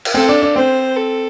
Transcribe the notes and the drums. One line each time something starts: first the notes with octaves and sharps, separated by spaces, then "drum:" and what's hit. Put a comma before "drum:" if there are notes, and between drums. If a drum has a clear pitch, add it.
drum: cymbal
C4 A4
D4
D4
C4 C5
A4